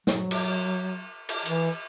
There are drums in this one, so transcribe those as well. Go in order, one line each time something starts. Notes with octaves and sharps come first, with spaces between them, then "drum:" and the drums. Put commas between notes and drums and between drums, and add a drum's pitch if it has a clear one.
F#3, drum: snare
drum: cymbal
drum: cymbal
E3, drum: hi-hat